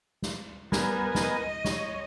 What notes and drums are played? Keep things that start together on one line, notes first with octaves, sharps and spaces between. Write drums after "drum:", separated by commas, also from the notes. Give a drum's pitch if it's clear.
drum: snare
G3 B3 A#4 G#5, drum: snare
D#5, drum: snare
C#5, drum: snare